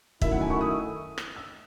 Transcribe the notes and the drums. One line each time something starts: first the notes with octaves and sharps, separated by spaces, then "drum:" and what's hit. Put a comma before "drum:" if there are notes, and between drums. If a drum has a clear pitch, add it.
F#2 D#3 A3 E4 E5, drum: kick
F#5
G#5
C#6
D#6
drum: rim click
E6